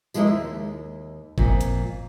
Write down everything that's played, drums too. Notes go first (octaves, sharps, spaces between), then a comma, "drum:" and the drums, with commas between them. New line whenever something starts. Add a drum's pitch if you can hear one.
F3 G#3 A#3 E4 A#4 D#5, drum: tambourine
D#2
F2 A#2, drum: kick G1
drum: hi-hat